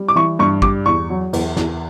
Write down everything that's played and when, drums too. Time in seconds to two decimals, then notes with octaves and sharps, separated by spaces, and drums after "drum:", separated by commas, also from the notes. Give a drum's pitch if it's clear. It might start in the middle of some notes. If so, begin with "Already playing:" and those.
Already playing: G3
0.08 D6
0.16 E3 C#6
0.39 G2 C#6
0.62 G3 D6, drum: kick
0.86 E2 C#6
1.10 F#3
1.33 E2, drum: cymbal
1.57 E2, drum: snare